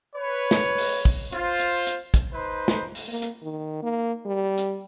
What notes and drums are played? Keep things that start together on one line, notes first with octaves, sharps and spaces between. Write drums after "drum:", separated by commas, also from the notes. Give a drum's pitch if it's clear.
B4 C#5
drum: snare
drum: open hi-hat
drum: kick
F4 C5, drum: hi-hat
drum: hi-hat
drum: hi-hat
drum: kick, hi-hat
D#4 B4 C5
drum: snare
drum: open hi-hat
A#3
drum: hi-hat
D#3
A#3
G3
drum: hi-hat